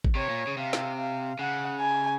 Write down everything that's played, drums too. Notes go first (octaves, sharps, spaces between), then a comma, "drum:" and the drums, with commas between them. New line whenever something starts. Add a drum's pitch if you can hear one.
drum: kick G#1
C3 C#5
A#2
C#3
C3 F5
drum: snare
F5
C#3 F#5
G#5